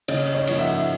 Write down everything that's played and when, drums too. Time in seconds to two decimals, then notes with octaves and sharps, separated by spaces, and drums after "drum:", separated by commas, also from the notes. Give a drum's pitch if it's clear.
0.08 C#3 C#5 D#5, drum: cymbal
0.35 C#5 D#5
0.47 F3 A#3 D#4, drum: cymbal
0.59 E5 F#5